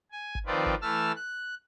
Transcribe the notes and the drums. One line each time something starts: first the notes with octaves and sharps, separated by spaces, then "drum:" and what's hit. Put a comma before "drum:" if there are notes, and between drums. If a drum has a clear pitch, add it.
G#5
drum: kick G1
D#3 F3 C4 F4 B4 D5
drum: kick G1
E3 A3 A5 E6 F6
F#6